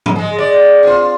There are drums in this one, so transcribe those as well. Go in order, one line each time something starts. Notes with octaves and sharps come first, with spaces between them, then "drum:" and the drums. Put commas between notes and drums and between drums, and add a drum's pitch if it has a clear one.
drum: tom G#2
G#3 G#4
G#3 D5
C4 F4